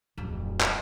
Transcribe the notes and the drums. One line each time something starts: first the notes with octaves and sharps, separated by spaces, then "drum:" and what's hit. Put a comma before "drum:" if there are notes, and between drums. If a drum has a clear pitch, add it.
D1 F2
drum: clap